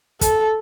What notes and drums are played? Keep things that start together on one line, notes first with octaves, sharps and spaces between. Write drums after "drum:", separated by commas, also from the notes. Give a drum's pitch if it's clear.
A4, drum: kick, hi-hat